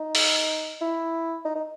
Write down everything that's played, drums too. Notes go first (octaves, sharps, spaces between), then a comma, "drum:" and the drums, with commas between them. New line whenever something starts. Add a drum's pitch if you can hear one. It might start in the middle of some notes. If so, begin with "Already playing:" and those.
Already playing: D#4
drum: open hi-hat
E4
D#4
D#4